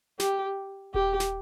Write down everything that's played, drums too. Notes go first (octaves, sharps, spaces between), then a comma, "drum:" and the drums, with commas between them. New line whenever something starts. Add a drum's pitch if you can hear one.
G4, drum: snare
G4, drum: kick D#1
drum: snare